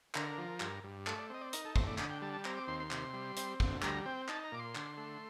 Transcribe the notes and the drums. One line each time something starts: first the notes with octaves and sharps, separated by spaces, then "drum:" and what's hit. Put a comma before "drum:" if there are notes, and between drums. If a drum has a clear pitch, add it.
D3 A#4, drum: clap
F3
G2, drum: clap
G2
A3 A4, drum: clap
D5
C4 D#5
D5
D#4 A#4, drum: hi-hat
A4
A2 C5, drum: kick
D5
D3 D#5, drum: clap
G5
G3 A5
A5
C4 A#5, drum: clap
D6
D#2 C6
C6
C3, drum: clap
G3
C4, drum: hi-hat
D2, drum: kick
G3 A#5, drum: clap
C4 G5
D#4 A5, drum: clap
A#5
A#2 D6
C6
D3, drum: clap
A3